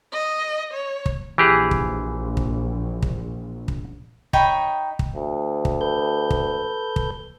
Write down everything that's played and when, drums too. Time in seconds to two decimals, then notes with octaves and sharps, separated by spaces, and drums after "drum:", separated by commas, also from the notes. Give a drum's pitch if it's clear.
0.13 D#5
0.74 C#5
1.06 drum: kick
1.38 A#1 E3 G4 G#4
1.71 drum: kick
2.37 drum: kick
3.02 drum: kick
3.68 drum: kick
4.33 D#4 C#5 G5 B5, drum: kick
4.99 drum: kick
5.16 D2
5.65 drum: kick
5.81 A4 B4 G6
6.30 drum: kick
6.96 drum: kick